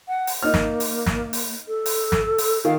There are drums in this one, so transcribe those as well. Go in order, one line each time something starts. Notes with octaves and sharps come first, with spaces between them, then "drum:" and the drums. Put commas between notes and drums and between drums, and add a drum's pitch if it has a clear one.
F#5
drum: open hi-hat
A#3 D#4 F6
drum: snare
drum: open hi-hat
drum: snare
drum: open hi-hat
A4
drum: open hi-hat
drum: snare
drum: open hi-hat
D#3 F5